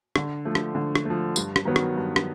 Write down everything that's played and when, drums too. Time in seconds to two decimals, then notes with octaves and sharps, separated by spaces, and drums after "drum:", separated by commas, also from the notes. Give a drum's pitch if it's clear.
0.16 D3, drum: rim click
0.45 F3 A3
0.55 drum: rim click
0.75 D3
0.95 drum: rim click
1.05 F3 A3
1.36 G2, drum: tambourine
1.56 drum: rim click
1.65 D#3 F#3 B3
1.76 drum: rim click
1.96 G2
2.16 drum: rim click